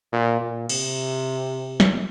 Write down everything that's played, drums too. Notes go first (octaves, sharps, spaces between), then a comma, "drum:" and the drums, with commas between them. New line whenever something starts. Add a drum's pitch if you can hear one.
A#2
A#2
C3, drum: cymbal
drum: snare